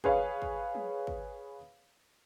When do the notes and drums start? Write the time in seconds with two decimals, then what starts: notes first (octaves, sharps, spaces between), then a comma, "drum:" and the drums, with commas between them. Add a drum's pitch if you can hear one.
0.04 G#4 B4 C#5 F5 C#6, drum: kick
0.42 drum: kick
0.75 drum: tom
1.07 drum: kick